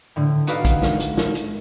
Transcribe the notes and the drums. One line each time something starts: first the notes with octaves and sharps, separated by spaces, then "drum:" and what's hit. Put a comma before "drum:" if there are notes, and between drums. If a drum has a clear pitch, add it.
A2 D3
D#4 F#4 A4 B4 D5 F5, drum: hi-hat
drum: kick, hi-hat
drum: snare
drum: hi-hat
drum: snare
drum: hi-hat